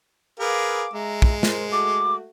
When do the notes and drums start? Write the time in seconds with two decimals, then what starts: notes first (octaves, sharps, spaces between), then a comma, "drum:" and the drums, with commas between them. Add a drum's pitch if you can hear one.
0.40 G#4 A#4 B4 F5 D6
0.93 G#3 E5 A#5
1.22 drum: kick
1.43 A#4 C5, drum: snare
1.72 A3 F#4 D6